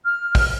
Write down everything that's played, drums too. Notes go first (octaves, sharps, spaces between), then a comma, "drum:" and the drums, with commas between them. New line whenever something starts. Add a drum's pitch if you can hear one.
F6
drum: kick, open hi-hat